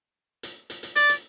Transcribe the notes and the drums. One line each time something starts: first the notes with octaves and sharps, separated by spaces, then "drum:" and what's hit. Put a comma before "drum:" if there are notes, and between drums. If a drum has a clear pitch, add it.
drum: hi-hat
drum: hi-hat
drum: hi-hat
D5, drum: hi-hat
drum: hi-hat